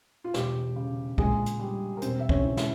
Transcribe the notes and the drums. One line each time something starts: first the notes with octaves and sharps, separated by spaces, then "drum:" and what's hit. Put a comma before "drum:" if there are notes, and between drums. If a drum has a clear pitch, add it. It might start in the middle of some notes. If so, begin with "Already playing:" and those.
F4
E1 G4, drum: snare
C#3
A#1 G#3 G#4, drum: kick
drum: hi-hat
G3
A#4
E1 C4 C5, drum: hi-hat
E5
C#4 C#5, drum: kick
E3
E4 E5, drum: snare